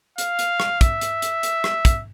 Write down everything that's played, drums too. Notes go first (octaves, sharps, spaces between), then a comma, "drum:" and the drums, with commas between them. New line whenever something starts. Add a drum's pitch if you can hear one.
F5, drum: hi-hat
drum: hi-hat
drum: rim click
E5, drum: kick, hi-hat
drum: hi-hat
drum: hi-hat
drum: hi-hat
drum: rim click
drum: kick, hi-hat